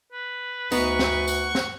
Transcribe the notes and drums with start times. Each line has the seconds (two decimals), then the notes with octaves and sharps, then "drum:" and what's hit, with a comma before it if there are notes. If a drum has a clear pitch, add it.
0.12 B4
0.72 D2 B3 D#4 C#6, drum: tambourine
0.99 drum: snare
1.28 F#5, drum: tambourine
1.55 drum: snare